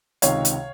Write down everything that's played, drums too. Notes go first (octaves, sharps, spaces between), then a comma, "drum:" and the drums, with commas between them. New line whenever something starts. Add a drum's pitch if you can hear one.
C#2 C3 D#3 C#5 F5, drum: hi-hat
drum: hi-hat